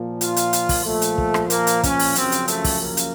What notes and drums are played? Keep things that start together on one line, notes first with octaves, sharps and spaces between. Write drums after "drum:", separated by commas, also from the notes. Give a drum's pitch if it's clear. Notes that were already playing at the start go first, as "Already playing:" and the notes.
Already playing: A#2 F3
F4, drum: hi-hat
drum: hi-hat
drum: hi-hat
drum: kick, open hi-hat
A#2 F3 A3
drum: hi-hat
drum: kick
drum: rim click
A#3, drum: hi-hat
drum: hi-hat
C#4, drum: kick, hi-hat
drum: open hi-hat
F#2 C#3 F3 C4, drum: hi-hat
drum: hi-hat
A3, drum: hi-hat
drum: kick, open hi-hat
A#3
drum: hi-hat